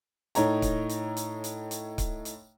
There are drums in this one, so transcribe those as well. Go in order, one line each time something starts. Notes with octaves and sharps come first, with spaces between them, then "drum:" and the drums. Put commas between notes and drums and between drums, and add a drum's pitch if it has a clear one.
A2 D#4 C#5 A#5, drum: hi-hat
drum: kick C#1, hi-hat
drum: hi-hat
drum: hi-hat
drum: hi-hat
drum: hi-hat
drum: kick C#1, hi-hat
drum: hi-hat